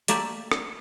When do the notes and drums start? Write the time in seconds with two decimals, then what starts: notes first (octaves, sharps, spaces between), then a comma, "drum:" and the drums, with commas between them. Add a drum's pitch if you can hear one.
0.08 A3 A#3 G4 D5 E5, drum: hi-hat
0.52 drum: rim click